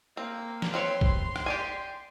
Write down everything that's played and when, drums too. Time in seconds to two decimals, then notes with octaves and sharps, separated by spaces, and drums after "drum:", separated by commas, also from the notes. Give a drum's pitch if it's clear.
0.17 A#3 C4
0.62 drum: snare
0.74 C4 B4 C#5 C6
1.01 drum: kick
1.36 drum: rim click
1.46 G4 D5 G#5